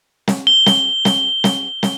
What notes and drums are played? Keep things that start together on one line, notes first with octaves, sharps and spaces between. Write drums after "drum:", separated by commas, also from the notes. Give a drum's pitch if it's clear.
drum: snare
G7
drum: snare
drum: snare
drum: snare
drum: snare